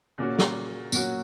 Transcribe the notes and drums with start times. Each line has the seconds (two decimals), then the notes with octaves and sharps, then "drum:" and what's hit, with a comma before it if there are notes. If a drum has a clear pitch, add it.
0.18 A#2 C#3 A#3 C#4 F#4
0.39 drum: snare
0.92 A#2 F#3 C#4 F#4, drum: tambourine